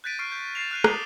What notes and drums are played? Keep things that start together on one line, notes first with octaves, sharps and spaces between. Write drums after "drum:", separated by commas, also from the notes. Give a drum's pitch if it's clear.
F#6 G6 A6 B6 D7 D#7
C#6 F6 C7 D7
G6
A6 C7 E7 F7
F6 F#6 C7 D#7
D6 D#6 F#6 C7 G7, drum: rim click